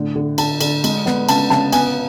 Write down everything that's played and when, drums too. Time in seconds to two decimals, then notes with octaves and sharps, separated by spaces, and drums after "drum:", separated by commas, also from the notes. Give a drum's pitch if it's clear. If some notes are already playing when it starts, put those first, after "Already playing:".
Already playing: A2 D3
0.16 D3
0.38 D3 A5, drum: cymbal
0.61 D3, drum: cymbal
0.84 G#3, drum: cymbal
1.06 B3, drum: snare
1.29 C#3 A5, drum: cymbal
1.50 C#3 A5, drum: snare
1.73 B3 G#5, drum: cymbal